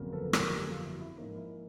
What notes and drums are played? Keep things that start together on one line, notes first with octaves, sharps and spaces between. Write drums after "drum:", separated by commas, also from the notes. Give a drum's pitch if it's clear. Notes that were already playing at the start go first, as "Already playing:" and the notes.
Already playing: G1 F2 C#3 F#3 A#3
A4 B4
G#4 A#4, drum: rim click
G4 A4
F4 G4
E4 F#4
E4
G#2 F3 A#3 C#4 D#4
E4